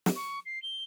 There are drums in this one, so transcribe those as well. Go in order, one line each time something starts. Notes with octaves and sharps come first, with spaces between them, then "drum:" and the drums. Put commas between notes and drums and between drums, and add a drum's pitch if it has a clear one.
drum: snare
C#6
C7
G7